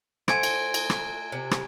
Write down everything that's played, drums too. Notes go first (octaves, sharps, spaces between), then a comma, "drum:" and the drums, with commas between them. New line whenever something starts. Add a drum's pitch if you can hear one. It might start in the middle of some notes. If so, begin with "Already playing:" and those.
A3 F#4 C5 G#5 G#6 D7, drum: rim click
drum: cymbal
drum: cymbal
drum: rim click
C3
drum: rim click